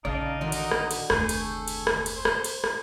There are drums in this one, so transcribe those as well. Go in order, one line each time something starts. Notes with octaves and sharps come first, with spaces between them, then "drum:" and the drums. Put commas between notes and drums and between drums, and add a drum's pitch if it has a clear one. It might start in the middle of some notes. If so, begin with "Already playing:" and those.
A#1 C#3 D#4 D5 F5 A5
D3 D#3 F#4 A#4 D5
drum: cymbal
drum: rim click
drum: cymbal
F1 D2 G#4 C#6 G6, drum: rim click
drum: cymbal
A4
drum: cymbal
drum: rim click
drum: cymbal
C5
drum: rim click
drum: cymbal
drum: rim click